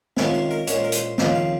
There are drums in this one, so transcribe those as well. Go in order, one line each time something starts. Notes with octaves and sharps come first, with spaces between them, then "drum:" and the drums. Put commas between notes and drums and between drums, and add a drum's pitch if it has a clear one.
C3 D#3 G#3 C#4 F4, drum: snare
C5
A#4
A#2 G#3 C#4 C#5, drum: hi-hat
C5
A#4
C5, drum: hi-hat
D#2 C#3 F3 C4 D#5, drum: snare
F5